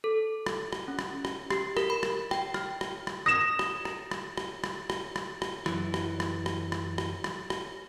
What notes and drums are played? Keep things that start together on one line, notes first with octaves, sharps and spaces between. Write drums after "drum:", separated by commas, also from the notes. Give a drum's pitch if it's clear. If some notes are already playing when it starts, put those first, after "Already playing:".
A4
drum: rim click
drum: rim click
C#4
drum: rim click
drum: rim click
G4, drum: rim click
A#4, drum: rim click
B5
drum: rim click
G5, drum: rim click
F6, drum: rim click
drum: rim click
drum: rim click
D#6 A#6 E7
drum: rim click
drum: rim click
drum: rim click
drum: rim click
drum: rim click
drum: rim click
drum: rim click
drum: rim click
F#2 E3, drum: rim click
drum: rim click
drum: rim click
drum: rim click
drum: rim click
drum: rim click
drum: rim click
drum: rim click